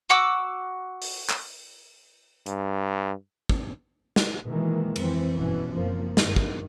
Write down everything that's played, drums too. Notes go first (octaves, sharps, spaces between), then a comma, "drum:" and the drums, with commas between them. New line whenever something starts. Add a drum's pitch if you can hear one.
F#4 F#5 D6 E6
drum: open hi-hat
drum: clap
G2, drum: hi-hat
drum: kick
drum: snare
B2 D#3 E3 G#3 A#3
F2 E3 C4, drum: cymbal
G1 B2 E3 C#4
F#1 F3 A#3 C4
G2 D#3, drum: snare
drum: kick